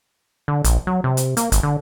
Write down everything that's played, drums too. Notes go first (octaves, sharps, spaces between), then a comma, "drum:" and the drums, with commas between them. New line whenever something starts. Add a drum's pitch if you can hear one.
D3
A#1, drum: hi-hat
F#3
C3
drum: hi-hat
A#3, drum: hi-hat
G#1, drum: hi-hat
D3